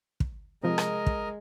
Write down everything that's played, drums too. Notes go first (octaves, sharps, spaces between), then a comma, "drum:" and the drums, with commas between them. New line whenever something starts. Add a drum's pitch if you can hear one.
drum: kick
C3 F3 G#3 A#4 D#5
drum: rim click
drum: kick